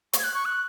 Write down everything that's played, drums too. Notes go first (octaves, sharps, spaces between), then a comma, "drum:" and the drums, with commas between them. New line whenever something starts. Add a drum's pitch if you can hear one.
C#6, drum: hi-hat
G#6
F#6
C#6
F#6